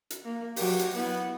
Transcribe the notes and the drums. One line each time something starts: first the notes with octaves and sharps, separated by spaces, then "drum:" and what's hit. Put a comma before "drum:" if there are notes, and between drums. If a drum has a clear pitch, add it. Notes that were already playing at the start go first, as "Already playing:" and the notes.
drum: hi-hat
A#3
F#3 G4, drum: open hi-hat
drum: hi-hat
B3 E4